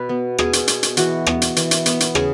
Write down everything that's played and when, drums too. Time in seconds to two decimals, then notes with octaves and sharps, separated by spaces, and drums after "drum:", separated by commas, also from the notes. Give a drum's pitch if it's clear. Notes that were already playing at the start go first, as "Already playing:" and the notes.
Already playing: B2 B4
0.09 B3
0.38 B2 G#4, drum: rim click
0.53 drum: hi-hat
0.68 B3, drum: hi-hat
0.83 drum: hi-hat
0.97 E3 F#4, drum: hi-hat
1.26 B3, drum: rim click
1.42 drum: hi-hat
1.56 E3, drum: hi-hat
1.71 drum: hi-hat
1.86 B3, drum: hi-hat
2.00 drum: hi-hat
2.15 C#3 G#4, drum: rim click